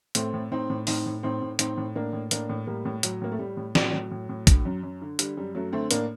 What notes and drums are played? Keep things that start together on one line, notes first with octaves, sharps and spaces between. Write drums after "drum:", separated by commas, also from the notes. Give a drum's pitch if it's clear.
A2 A3 C4, drum: hi-hat
A2
A2 C4 D#4
A2
A2 C4 D#4, drum: open hi-hat
A2
A2 C4 D#4
A2
A2 C4 D#4, drum: hi-hat
A2
A2 A#3 D4
A2
A2 A#3 D4, drum: hi-hat
A2
A2 G3 A#3
A2
A2 F#3, drum: hi-hat
A2 A#3
A3
A2 G3
A2
A2 F#3, drum: snare
A2
A2
A2
D3, drum: kick, hi-hat
F#2
F#2
D3
D3 G3, drum: hi-hat
F#2 G3
F#2 F#3 A3
D3 A3 C4
A2 A#3 D4, drum: hi-hat